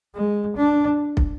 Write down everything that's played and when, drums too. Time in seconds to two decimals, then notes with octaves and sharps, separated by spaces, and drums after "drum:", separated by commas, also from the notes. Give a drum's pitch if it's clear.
0.15 G#3
0.57 D4
1.17 drum: kick